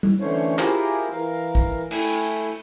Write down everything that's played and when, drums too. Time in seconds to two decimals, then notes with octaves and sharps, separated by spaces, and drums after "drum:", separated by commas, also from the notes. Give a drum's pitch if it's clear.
0.03 drum: tom G3
0.20 D3 E3 A3 C#4 C5 C#5
0.59 E4 F4 G4 G#4 A#4 C5, drum: clap
1.11 E3 A#4 F5
1.55 drum: kick
1.91 A3 E4 G5 G#5, drum: cymbal
2.12 drum: hi-hat